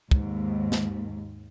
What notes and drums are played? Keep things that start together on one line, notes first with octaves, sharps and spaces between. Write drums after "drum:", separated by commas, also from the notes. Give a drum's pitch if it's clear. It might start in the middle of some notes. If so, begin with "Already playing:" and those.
D#2 G#2, drum: kick
drum: snare